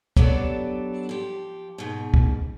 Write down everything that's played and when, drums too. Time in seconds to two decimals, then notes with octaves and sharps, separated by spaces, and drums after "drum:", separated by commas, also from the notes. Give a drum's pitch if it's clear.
0.17 F#3 B3 D4 G4 A4 D5, drum: kick
1.09 F3 G4
1.78 G#2 B2
2.14 drum: kick